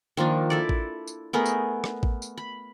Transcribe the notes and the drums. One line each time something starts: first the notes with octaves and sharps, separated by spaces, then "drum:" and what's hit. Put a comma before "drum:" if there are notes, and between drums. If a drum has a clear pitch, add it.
D#3 F3 A#3 D4
E4 A4 D5
drum: kick A1
drum: tambourine
A3 B3 G#4 A#4
drum: tambourine
drum: rim click
drum: kick A1
drum: tambourine
B5